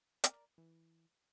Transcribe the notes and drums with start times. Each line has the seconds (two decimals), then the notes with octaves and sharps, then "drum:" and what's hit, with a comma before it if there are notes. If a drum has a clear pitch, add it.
0.24 A#4 D5, drum: hi-hat
0.58 E3